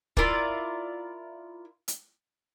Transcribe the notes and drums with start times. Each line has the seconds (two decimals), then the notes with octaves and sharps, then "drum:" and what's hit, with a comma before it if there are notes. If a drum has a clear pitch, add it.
0.17 E4 F4 A#4 D5, drum: kick
1.88 drum: hi-hat